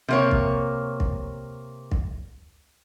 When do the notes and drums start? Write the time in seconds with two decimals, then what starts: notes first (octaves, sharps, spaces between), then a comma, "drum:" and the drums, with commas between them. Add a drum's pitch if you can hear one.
0.08 C3 A#3 C#5
0.31 drum: kick
1.00 drum: kick
1.91 drum: kick